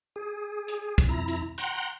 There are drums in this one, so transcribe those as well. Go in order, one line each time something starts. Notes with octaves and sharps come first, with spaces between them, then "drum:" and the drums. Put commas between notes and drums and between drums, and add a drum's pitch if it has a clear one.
G#4
drum: hi-hat
drum: kick, hi-hat
F2 E4 A#5
drum: hi-hat
F#5 G5 A#5 C6 F#6, drum: hi-hat